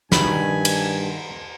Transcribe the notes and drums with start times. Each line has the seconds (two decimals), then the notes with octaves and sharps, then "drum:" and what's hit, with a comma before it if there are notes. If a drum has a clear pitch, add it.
0.12 G2 D#3 G#5 B5, drum: snare
0.65 drum: cymbal